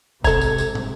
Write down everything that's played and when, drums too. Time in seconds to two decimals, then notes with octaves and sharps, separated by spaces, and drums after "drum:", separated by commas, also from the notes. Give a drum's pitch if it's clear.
0.24 G#2 C3 A4 A#5 G#6, drum: kick, tambourine
0.41 drum: tambourine
0.58 drum: tambourine
0.75 drum: tom